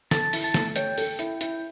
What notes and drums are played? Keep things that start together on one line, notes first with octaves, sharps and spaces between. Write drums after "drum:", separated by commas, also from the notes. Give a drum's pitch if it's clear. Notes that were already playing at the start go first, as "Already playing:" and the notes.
A4 A5, drum: snare
E4, drum: open hi-hat
A5
A3, drum: snare
C#5 G5, drum: hi-hat
A4, drum: open hi-hat
E4, drum: hi-hat
E4, drum: hi-hat